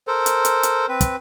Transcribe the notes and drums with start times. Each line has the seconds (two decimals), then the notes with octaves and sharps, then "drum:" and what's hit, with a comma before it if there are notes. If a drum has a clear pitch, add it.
0.07 A4 A#4 C5
0.26 drum: hi-hat
0.45 drum: hi-hat
0.63 drum: hi-hat
0.89 C4 B4
1.01 drum: kick, hi-hat